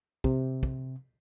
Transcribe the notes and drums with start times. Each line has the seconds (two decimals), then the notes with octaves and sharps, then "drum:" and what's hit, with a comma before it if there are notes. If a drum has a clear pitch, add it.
0.24 C3, drum: kick
0.63 drum: kick